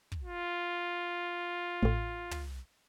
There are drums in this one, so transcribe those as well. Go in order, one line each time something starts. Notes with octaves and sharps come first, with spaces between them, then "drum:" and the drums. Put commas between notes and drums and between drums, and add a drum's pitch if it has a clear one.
drum: kick
F4
A1 A2
drum: tom